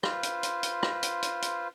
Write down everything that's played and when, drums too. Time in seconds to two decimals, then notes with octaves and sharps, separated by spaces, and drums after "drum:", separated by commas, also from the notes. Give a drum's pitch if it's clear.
0.03 F4 B4 C5, drum: rim click
0.23 drum: hi-hat
0.43 drum: hi-hat
0.63 drum: hi-hat
0.83 drum: rim click
1.03 drum: hi-hat
1.22 drum: hi-hat
1.42 drum: hi-hat